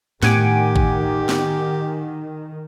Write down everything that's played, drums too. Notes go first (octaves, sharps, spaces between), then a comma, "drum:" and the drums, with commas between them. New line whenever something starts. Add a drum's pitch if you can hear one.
A2 D#3 G4 F#5 G#5 D6, drum: snare
drum: kick G#1
drum: snare